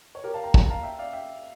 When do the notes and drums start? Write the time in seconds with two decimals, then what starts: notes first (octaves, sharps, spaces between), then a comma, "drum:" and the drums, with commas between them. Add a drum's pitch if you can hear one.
0.15 C#5
0.24 G4 A#4
0.34 F5 A5
0.43 G5 A#5
0.54 A5, drum: kick
0.62 A#5
0.70 F5 A5
0.83 E5 G5
0.98 D5 F5
1.13 E5 G5